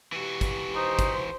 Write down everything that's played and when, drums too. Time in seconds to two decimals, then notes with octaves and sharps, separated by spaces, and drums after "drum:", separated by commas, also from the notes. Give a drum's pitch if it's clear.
0.12 E3 F#4 G4
0.41 drum: kick G#1, hi-hat
0.76 D#4 C5
0.99 drum: kick G#1, hi-hat